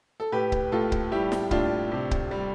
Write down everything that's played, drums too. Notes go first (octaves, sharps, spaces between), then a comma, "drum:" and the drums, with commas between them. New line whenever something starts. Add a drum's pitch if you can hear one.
A4
A2 G4 B4
drum: kick C#1
A2 F4 A4
drum: kick C#1
G3 E4 G4
drum: snare
A2 D4 F4, drum: kick C#1
C3
drum: kick C#1
G3